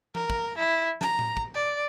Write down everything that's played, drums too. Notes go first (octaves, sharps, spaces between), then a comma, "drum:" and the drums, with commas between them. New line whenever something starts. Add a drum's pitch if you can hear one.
A#4, drum: tom E3
drum: kick
E4
A#5, drum: snare
drum: tom A2
drum: kick
D5